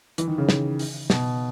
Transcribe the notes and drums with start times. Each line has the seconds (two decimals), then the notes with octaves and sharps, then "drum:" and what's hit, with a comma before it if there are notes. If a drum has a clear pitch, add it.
0.18 E3, drum: hi-hat
0.28 D#3
0.38 C#3
0.49 drum: snare
0.79 drum: open hi-hat
1.10 B2, drum: snare